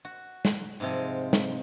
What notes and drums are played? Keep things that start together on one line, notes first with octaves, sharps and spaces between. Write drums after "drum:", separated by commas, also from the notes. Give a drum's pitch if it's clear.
F#4
drum: snare
G#2 C3 F3
drum: snare